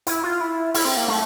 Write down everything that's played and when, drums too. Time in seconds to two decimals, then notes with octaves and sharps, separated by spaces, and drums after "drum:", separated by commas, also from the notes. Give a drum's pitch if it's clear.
0.07 E4, drum: hi-hat
0.24 F4
0.41 E4
0.74 E4, drum: open hi-hat
0.85 C4
0.97 A#3
1.08 A3, drum: snare